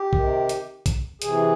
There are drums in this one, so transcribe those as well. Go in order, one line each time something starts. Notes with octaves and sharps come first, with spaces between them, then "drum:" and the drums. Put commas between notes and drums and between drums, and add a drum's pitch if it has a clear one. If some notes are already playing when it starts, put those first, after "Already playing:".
Already playing: G4
C3 D#3, drum: kick A#1
drum: hi-hat
drum: kick A#1, hi-hat
C3 E3 G#4, drum: hi-hat